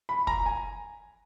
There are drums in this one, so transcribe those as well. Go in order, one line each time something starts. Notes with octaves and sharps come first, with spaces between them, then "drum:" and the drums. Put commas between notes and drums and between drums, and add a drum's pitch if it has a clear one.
B5
A#5, drum: kick
G#5